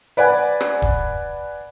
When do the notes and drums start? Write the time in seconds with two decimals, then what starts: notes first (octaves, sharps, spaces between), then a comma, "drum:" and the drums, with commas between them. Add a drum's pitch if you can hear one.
0.17 B4 D5 F#5 G#5
0.61 drum: rim click
0.82 drum: kick D#1